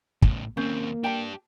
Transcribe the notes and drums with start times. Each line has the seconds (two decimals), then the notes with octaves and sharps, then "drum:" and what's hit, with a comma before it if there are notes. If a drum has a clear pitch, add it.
0.22 A2 C#3, drum: kick
0.57 D#2 A#3 C4 C#4 C5
1.04 D4 G4 G5 A5